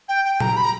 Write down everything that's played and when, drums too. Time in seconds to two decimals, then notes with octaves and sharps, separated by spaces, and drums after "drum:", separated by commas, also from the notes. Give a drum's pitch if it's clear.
0.08 G5
0.25 G5
0.40 A#5, drum: tom A#2
0.56 B5
0.64 A#5